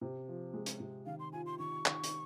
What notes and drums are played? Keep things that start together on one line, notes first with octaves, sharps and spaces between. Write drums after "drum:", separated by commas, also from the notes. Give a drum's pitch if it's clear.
C3
F3
G#3
drum: hi-hat
C3
D#3 F5
C6
F4 G#5
C6
D#3 C#6
D#3, drum: clap
drum: hi-hat